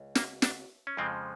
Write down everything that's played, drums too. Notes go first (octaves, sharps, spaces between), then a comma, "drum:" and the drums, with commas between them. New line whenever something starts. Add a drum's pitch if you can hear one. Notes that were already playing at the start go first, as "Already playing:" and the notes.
Already playing: C#2
A#3, drum: snare
D4, drum: snare
C#4
F2 C#3 F3 G#3 C4